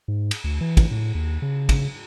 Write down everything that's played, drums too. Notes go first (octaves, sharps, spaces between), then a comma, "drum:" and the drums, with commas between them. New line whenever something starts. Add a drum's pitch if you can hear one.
G#2
drum: cymbal
D2
E3
drum: kick, cymbal
A2
D#2
C#3
drum: kick, cymbal